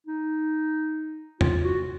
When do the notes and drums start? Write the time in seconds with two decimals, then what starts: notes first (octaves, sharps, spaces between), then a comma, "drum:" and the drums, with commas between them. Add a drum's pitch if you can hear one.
0.07 D#4
1.41 F4, drum: tom E2
1.64 F#4